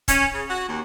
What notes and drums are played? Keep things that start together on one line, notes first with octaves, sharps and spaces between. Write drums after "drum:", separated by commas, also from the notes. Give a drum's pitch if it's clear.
C#4, drum: kick, hi-hat
C#3
F#4
D#2